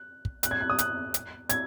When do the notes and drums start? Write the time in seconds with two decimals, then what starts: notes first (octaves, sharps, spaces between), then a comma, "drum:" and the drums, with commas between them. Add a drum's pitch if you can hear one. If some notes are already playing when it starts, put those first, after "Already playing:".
Already playing: F#6
0.25 drum: kick
0.43 F#6, drum: hi-hat
0.51 G#6
0.60 F#6
0.70 D#6
0.79 F#6, drum: hi-hat
1.14 drum: hi-hat
1.49 G#6, drum: hi-hat